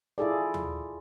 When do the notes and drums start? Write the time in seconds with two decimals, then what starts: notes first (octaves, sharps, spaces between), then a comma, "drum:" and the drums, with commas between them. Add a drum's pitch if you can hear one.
0.18 E4 F4 G#4 A4 D5
0.54 drum: tom D#2